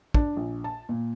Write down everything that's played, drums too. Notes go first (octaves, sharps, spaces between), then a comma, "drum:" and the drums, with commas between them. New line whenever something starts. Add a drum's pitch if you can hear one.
D4, drum: kick
A#1
A5
A#2